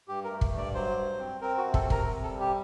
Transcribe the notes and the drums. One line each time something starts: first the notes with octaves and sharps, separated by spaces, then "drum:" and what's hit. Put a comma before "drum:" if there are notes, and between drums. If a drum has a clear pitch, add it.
G2 G4
A#4
A3
drum: kick
G2 D5
F#3 C5
G2
C4
C4 A#4
F#4
C3
A4, drum: kick
C3
A#4, drum: kick
C3
A4
G3
G4